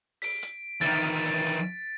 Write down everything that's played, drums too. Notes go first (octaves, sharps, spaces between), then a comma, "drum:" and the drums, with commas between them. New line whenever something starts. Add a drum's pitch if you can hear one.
B6 D7, drum: open hi-hat
drum: hi-hat
D#3 E3 A6, drum: hi-hat
drum: hi-hat
drum: hi-hat